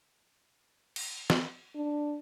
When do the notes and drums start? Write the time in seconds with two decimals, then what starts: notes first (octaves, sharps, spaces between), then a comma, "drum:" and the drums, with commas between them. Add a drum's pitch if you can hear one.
0.96 drum: cymbal
1.30 drum: snare
1.75 D4